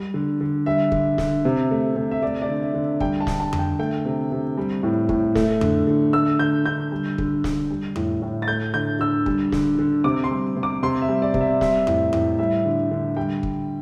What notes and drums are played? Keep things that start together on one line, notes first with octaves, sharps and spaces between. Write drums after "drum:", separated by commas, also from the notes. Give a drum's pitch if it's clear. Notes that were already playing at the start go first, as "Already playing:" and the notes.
Already playing: G3
D3
D3
G3 E5
D3, drum: kick
D3, drum: snare
C3
A3
C3
E5
A3 D5
D5
D3
E5
D3
G3 G5, drum: kick
A5
D3, drum: snare
A5
D3, drum: tom F2
G5
A3 G5
C3
C3
G3
A2
A2, drum: kick
A3, drum: snare
D3, drum: tom F2
D3
A3 E6
D3 G6
D3 G6
G3
D3, drum: kick
D3, drum: snare
G3
A2, drum: tom F2
A2
A6
A3 G6
D3 G6
D3 E6
G3, drum: kick
D3, drum: snare
D3
C3 D6
C6
G3
C3
D6
C3 C6
E5
G3
D5
C3, drum: kick
E5
G3 E5, drum: snare
A2, drum: tom F2
A2, drum: tom F2
G3 E5
D3
D3
G3 G5
drum: kick